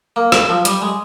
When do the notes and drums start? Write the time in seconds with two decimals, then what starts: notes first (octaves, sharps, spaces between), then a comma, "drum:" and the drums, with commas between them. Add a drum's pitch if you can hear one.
0.16 A#3
0.32 drum: rim click
0.49 F3
0.65 G3, drum: hi-hat
0.82 G#3